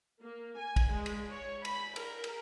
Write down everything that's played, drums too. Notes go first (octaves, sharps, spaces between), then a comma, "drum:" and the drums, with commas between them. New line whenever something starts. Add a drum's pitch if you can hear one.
A#3
G#5
drum: kick, cymbal
G#3
drum: cymbal
C#5
B5, drum: cymbal
A#4, drum: cymbal
drum: cymbal